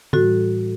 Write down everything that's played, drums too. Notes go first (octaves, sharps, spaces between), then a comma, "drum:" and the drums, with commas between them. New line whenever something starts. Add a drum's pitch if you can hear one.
A2 E3 G3 F#4 A4, drum: tom